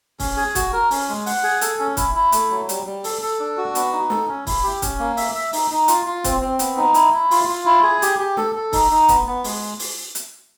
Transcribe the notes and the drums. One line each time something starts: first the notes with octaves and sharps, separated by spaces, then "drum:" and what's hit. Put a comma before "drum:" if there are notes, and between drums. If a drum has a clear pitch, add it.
C#4, drum: kick, open hi-hat
G#4
F#4, drum: kick, hi-hat
A#4
C#4, drum: open hi-hat
G#3
F#5, drum: open hi-hat
G#4
A4, drum: hi-hat
C#4
E4, drum: kick, hi-hat
E4
A3, drum: hi-hat
F#3
G3, drum: hi-hat
G3
A4, drum: open hi-hat
A4
D4
F#4
B3, drum: hi-hat
D#4
A4, drum: snare
C#4
E4, drum: kick, open hi-hat
G4
C#4, drum: kick, hi-hat
A#3
E5, drum: open hi-hat
E5
D#4, drum: open hi-hat
D#4
F4, drum: hi-hat
F4
C4, drum: kick, hi-hat
C4
B3, drum: hi-hat
D#4
E4, drum: hi-hat
E4
F4, drum: open hi-hat
F4
E4
G#4
G4, drum: hi-hat
G4
A4, drum: snare
A4
D#4, drum: kick, open hi-hat
D#4
B3, drum: kick, hi-hat
B3
G#3, drum: open hi-hat
drum: open hi-hat
drum: hi-hat